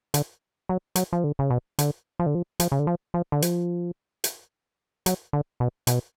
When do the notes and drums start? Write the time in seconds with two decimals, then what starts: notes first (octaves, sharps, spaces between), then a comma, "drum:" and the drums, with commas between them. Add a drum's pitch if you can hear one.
0.14 D3, drum: hi-hat
0.69 F#3
0.96 F#3, drum: hi-hat
1.13 F3
1.24 D3
1.39 C#3
1.50 B2
1.79 D3, drum: hi-hat
2.19 F3
2.26 D3
2.35 F3
2.60 F3, drum: hi-hat
2.72 C#3
2.79 D3
2.87 F3
3.14 F3
3.32 D3
3.42 F3, drum: hi-hat
4.24 drum: hi-hat
5.06 F#3, drum: hi-hat
5.33 D3
5.60 B2
5.87 B2, drum: hi-hat